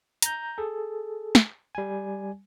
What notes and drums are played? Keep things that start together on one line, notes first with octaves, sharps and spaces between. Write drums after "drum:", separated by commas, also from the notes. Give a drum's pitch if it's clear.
A#5 G6, drum: hi-hat
G#4 A4
drum: snare
G3 G#5